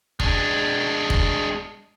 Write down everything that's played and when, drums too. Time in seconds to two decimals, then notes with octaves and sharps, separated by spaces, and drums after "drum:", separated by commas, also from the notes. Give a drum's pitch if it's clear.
0.20 G#3 D4, drum: kick
1.10 drum: kick